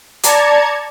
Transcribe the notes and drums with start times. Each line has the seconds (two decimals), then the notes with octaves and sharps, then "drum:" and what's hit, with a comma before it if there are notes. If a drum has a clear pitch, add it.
0.24 D5 A5 A#5 G#6 C#7, drum: hi-hat